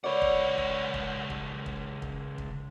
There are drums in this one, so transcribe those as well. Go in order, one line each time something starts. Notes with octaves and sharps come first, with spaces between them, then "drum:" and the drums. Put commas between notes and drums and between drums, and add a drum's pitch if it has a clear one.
C#2 B4 C#5 D5 F#5
drum: kick
drum: kick
drum: kick
drum: kick
drum: kick
drum: kick
drum: kick